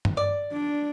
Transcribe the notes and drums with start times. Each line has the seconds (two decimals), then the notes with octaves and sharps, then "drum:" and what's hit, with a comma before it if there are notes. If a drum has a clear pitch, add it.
0.05 drum: tom
0.17 D5
0.53 D4